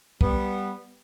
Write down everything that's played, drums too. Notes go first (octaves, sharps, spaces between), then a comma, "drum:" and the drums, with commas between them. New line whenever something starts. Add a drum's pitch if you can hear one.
G3 B3, drum: kick